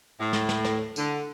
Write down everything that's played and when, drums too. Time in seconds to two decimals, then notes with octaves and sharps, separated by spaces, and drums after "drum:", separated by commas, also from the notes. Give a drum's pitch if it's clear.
0.19 A2
0.33 drum: snare
0.49 drum: snare
0.64 drum: snare
0.96 D3, drum: tambourine